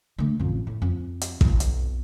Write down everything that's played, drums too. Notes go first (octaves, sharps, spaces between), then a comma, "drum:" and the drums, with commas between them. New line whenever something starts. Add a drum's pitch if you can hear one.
D3 A3
A1 F2
A2
F2
drum: hi-hat
B1 F2, drum: kick
drum: hi-hat